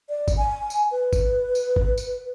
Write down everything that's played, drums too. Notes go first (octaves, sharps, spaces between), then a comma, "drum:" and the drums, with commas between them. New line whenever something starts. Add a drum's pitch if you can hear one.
D5
drum: kick G#1, tambourine
G#5
drum: tambourine
B4
drum: kick G#1, tambourine
drum: tambourine
drum: kick G#1
drum: tambourine